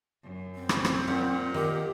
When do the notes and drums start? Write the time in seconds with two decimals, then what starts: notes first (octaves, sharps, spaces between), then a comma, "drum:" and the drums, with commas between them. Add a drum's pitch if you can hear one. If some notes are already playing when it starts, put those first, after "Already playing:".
0.23 F#2
0.55 C4
0.69 drum: rim click
0.85 drum: rim click
1.08 A#2 F#5
1.54 D#3 G4